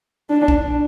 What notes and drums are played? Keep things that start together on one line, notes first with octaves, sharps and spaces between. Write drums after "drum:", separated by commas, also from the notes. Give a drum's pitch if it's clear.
D4
drum: kick